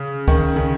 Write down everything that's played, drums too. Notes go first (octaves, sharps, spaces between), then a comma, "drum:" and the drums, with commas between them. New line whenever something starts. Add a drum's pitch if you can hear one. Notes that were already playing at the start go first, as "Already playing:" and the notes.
Already playing: C#3
D#3, drum: kick
C#3